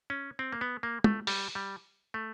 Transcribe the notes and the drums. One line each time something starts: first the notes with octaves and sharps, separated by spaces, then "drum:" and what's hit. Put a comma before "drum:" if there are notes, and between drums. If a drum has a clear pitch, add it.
C#4
C4
A#3
B3
A#3
A3, drum: tom
G3, drum: open hi-hat
G3
A3